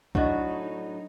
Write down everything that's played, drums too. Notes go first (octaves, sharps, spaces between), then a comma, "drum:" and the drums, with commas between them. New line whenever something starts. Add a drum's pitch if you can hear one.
A2 F#3 D4 D#4 F#4 C#5 D#5, drum: kick C2